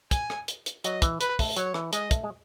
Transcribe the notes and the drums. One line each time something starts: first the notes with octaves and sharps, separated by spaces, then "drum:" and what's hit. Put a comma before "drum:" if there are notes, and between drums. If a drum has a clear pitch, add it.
G#5, drum: kick, hi-hat
drum: rim click
drum: hi-hat
drum: hi-hat
F#3 D#5, drum: hi-hat
E3, drum: kick, hi-hat
B4, drum: hi-hat
A3, drum: kick, open hi-hat
F#3 C#5, drum: hi-hat
E3, drum: rim click
G#3 D#5, drum: hi-hat
A3, drum: kick, hi-hat
G#3